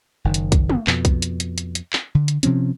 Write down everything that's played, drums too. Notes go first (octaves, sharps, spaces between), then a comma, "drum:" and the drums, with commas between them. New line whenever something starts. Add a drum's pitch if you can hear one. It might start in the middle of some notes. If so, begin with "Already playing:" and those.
F#1 D#3
drum: hi-hat
drum: kick B1, hi-hat
drum: tom
F2 B2, drum: clap
drum: kick B1, hi-hat
drum: hi-hat
drum: hi-hat
drum: hi-hat
drum: hi-hat
drum: clap
D3
drum: hi-hat
C3 F3 C4 C#4, drum: hi-hat